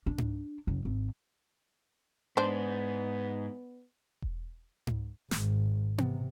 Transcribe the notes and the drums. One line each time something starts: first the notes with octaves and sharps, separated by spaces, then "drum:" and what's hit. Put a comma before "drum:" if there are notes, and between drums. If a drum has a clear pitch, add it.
D4
drum: tom G#2
F#1
G#1
G#2 B3 D4 C5
drum: kick E1
drum: tom G#2
G#1, drum: snare
C3, drum: tom B3